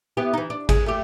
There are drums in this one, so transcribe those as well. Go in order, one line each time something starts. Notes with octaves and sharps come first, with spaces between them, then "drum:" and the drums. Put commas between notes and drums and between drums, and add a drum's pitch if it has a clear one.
B3 E4 G4
E3 D#4
D4
G#3, drum: kick G#1, cymbal
A3 G4